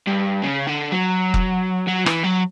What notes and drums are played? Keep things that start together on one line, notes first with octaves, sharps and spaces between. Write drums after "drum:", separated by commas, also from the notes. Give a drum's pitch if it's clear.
G2
C#3
D3
F#3
drum: kick F1
F#3
E3, drum: rim click
F#3